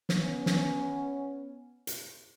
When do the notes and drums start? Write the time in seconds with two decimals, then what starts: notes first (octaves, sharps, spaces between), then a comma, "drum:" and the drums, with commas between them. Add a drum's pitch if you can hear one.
0.09 drum: snare
0.19 B3 C#4
0.46 drum: snare
1.87 drum: hi-hat